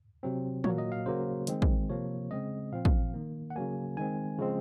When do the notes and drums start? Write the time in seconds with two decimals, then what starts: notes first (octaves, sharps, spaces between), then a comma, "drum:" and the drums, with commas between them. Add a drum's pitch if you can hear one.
0.23 C3 F#3 C4
0.64 A#2 F#3 A#3 C#5, drum: tom
0.78 D#5
0.92 F5
1.06 C#3 F#3 A#3 C5
1.47 D#3 G#3 C4, drum: hi-hat
1.62 drum: kick
1.89 C3 F3 A#3 C#5
2.31 C#3 G#3 C4 D#5
2.72 A#2 F3 C4 F5
2.85 drum: kick
3.14 D#3 A#3
3.50 F#5
3.55 C#3 F#3 A#3 G#5
3.97 D#3 G#3 C4 G#5
4.38 C#3 F3 G#3 C4